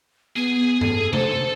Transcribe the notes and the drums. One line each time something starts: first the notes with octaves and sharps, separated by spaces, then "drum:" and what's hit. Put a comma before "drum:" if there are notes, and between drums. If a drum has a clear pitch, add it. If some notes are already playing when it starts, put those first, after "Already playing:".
B3 G#4 G#5
A4, drum: tom G2
A4 C5, drum: tom